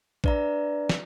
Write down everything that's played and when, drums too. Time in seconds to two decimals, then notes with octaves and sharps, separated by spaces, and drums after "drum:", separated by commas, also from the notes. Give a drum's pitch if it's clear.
0.24 D4 B4 D5 E5 A#5, drum: kick A#1
0.89 drum: snare